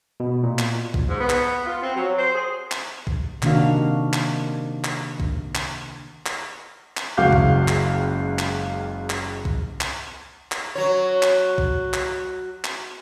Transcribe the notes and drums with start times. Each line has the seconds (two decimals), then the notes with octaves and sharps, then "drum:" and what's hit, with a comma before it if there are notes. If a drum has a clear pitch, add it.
0.20 B2
0.43 A#2
0.59 drum: clap
0.94 drum: kick A#1
1.08 G#2
1.19 B3
1.30 drum: clap
1.65 F4
1.82 C4
1.95 F#3
2.17 C5
2.33 G#4
2.71 drum: clap
3.07 drum: kick A#1
3.42 C3 D#3 A#3 D4 F#4 F5, drum: clap
4.13 drum: clap
4.84 drum: clap
5.20 drum: kick A#1
5.55 drum: clap
6.26 drum: clap
6.97 drum: clap
7.17 F#1 C#2 F#4 F5 D6 G6
7.32 drum: kick A#1
7.68 drum: clap
8.39 drum: clap
9.10 drum: clap
9.45 drum: kick A#1
9.81 drum: clap
10.52 drum: clap
10.75 F#3 C#5
11.23 drum: clap
11.58 drum: kick A#1
11.93 drum: clap
12.64 drum: clap